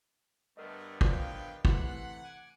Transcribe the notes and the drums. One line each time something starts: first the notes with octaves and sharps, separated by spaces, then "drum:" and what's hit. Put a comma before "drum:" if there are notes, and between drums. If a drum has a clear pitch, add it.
G2 D3 G3 A3 B3 A#4 D#5
F3 F4 B4 D5 F5 G5, drum: kick
C3 E3 A3 F#5 B5 C6, drum: kick
G#5 D6